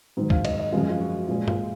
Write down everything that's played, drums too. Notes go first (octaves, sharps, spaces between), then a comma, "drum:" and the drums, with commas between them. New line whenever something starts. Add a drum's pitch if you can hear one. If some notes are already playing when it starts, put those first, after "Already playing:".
G#2 D#3 F#3
F5, drum: kick C#2
D#5, drum: cymbal
D#5
F#2 F3 G#3 F4
F4
F#4
A#2 G#3 F4
F4, drum: tom G2